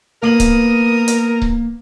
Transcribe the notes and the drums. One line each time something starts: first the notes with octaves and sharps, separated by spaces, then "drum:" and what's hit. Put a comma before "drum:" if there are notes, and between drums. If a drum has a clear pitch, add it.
A#3 B3 A#4 D#6 F#7
drum: kick C#1, hi-hat
drum: hi-hat
drum: kick C#1